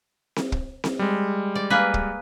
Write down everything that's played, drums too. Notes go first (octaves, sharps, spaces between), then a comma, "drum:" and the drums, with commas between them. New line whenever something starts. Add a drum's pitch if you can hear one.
drum: snare C4
drum: kick
drum: snare C4
G3 G#3
D5
A#3 G#4 B4
drum: kick